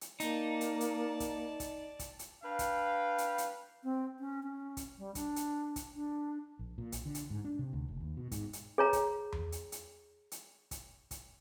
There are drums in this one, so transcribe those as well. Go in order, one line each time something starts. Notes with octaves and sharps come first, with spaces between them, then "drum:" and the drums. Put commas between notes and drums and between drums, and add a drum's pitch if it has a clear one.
drum: hi-hat
A#3 D#4 D5 A5, drum: hi-hat
drum: hi-hat
drum: hi-hat
drum: kick, hi-hat
drum: kick, hi-hat
drum: kick, hi-hat
drum: hi-hat
D4 B4 F5 G5
drum: kick, hi-hat
drum: hi-hat
drum: hi-hat
C4
C#4
C#4
drum: kick, hi-hat
G3
D4, drum: kick, hi-hat
drum: hi-hat
drum: kick, hi-hat
D4
A#1
A#2
A#1, drum: hi-hat
D3
drum: hi-hat
G#2
D4
C3
D2
F#1
D#2
B2
G#2, drum: kick, hi-hat
drum: hi-hat
G#4 C#5 A#5
drum: kick, hi-hat
drum: tom E2
drum: hi-hat
drum: hi-hat
drum: hi-hat
drum: kick, hi-hat
drum: kick, hi-hat